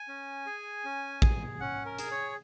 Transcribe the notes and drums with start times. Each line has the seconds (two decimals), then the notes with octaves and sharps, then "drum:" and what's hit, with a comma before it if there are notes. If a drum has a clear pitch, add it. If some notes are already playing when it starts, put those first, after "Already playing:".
Already playing: G#5
0.08 C#4
0.46 G#4
0.85 C#4
1.22 G#4, drum: kick
1.60 C#4 F#5
1.85 A#4
1.99 G#4, drum: hi-hat
2.11 C#5